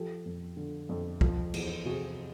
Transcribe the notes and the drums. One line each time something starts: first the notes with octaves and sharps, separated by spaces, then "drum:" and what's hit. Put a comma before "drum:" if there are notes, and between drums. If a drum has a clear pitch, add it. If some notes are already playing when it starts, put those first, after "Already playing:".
Already playing: F3 G4 A4
F2
D3
F2
F3, drum: kick
E2, drum: cymbal
C3 F#4 G#4